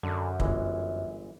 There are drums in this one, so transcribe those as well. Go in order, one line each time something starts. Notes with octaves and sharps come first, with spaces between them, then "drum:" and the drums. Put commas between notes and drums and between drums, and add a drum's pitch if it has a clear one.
F#2 D3
G1 E3 G#3, drum: kick